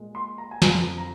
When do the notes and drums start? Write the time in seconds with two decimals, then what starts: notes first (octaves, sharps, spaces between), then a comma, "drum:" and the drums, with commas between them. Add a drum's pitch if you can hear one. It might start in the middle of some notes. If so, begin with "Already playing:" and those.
Already playing: A#2 G#3
0.15 C6
0.38 A#5
0.51 G#5
0.62 F2 D3 F3 A#5, drum: snare
0.98 A#5